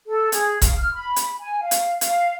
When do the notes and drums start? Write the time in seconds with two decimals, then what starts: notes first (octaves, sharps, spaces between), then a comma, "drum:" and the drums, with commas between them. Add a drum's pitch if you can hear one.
0.07 A4
0.32 G#4, drum: hi-hat
0.62 F5, drum: kick, hi-hat
0.77 F6
0.94 B5
1.16 drum: hi-hat
1.39 G#5
1.61 F5
1.71 drum: hi-hat
2.01 F5, drum: hi-hat